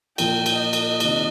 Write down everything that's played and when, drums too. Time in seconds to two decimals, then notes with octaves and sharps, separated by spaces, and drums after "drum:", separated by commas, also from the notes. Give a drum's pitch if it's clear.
0.18 A#2 F3 A#3 G5, drum: cymbal
0.46 drum: cymbal
0.60 D#5
0.73 drum: cymbal
1.00 C3 D#3 G3 A#3, drum: cymbal